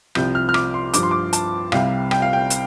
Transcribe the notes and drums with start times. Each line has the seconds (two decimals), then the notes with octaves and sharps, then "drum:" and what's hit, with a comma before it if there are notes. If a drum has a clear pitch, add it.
0.15 C2 C3 F3 G6, drum: rim click
0.35 F6
0.49 F6
0.54 D6, drum: rim click
0.74 C6
0.94 G2 F3 D6, drum: hi-hat
1.03 C6
1.11 D6
1.33 A5, drum: hi-hat
1.72 C2 C3 G3 F5, drum: rim click
2.11 G5, drum: rim click
2.22 F5
2.33 G5
2.50 drum: hi-hat